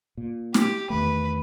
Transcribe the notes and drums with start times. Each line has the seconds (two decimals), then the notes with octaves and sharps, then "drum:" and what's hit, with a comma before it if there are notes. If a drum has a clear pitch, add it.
0.17 A#2
0.54 G4, drum: snare
0.90 E2 D#3 A3 B4